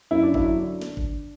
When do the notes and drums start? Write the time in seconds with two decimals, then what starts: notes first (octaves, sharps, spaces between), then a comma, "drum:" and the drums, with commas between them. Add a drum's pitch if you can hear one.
0.11 F#2 E4
0.23 D4
0.34 F#3 E4, drum: kick
0.58 D3 D4
0.81 drum: snare
0.97 drum: kick